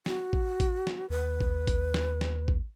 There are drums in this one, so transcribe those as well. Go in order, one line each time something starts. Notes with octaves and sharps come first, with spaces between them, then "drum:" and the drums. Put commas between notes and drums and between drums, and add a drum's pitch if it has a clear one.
F#4, drum: snare
drum: kick A1
drum: kick A1, hi-hat
drum: snare
D#2 B4
drum: kick A1
drum: kick A1, hi-hat
drum: snare
drum: snare
drum: kick A1